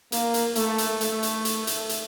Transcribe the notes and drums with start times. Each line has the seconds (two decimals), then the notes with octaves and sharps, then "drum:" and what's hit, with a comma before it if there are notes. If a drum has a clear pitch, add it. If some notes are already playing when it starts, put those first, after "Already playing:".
0.12 A#3, drum: hi-hat
0.34 drum: hi-hat
0.55 A3, drum: hi-hat
0.78 drum: hi-hat
1.01 A3, drum: hi-hat
1.23 drum: hi-hat
1.45 drum: hi-hat
1.67 drum: hi-hat
1.89 drum: hi-hat